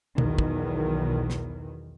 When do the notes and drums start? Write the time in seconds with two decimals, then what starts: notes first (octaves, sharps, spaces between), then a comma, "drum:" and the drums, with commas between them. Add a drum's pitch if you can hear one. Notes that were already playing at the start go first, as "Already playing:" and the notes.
0.18 B1 E2 B2 D#3, drum: tom
0.38 drum: kick
1.30 drum: snare